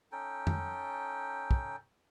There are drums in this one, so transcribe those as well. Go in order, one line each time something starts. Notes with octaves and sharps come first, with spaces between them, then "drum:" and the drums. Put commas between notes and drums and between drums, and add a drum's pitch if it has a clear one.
C#4 D#4 A4 G5
drum: tom F2
drum: kick